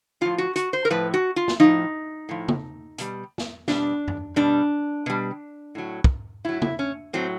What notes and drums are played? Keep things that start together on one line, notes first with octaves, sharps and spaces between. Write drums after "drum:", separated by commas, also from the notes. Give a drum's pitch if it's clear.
A2 F3 F4
F#4
F#4, drum: hi-hat
C5
A#4
A2 F3 B4
F#4
F4
drum: snare
A2 F3 D#4
A2 F3
drum: tom
B2 G3, drum: hi-hat
drum: snare
B2 G3 D4, drum: snare
drum: tom F#2
B2 G3 D4
B2 G3
A2 F#3
drum: kick
A2 F#3 E4
E4, drum: tom
C#4
A2 F#3 C4